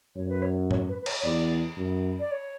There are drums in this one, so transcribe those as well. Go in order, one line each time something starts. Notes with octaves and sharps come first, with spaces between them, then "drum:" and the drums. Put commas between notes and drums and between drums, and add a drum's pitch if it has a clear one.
F#2 C#5
B4
C#5
C#5, drum: tom G#2
B4
B4
C#5, drum: cymbal
C#5
E2 D5
F#2
D5
C#5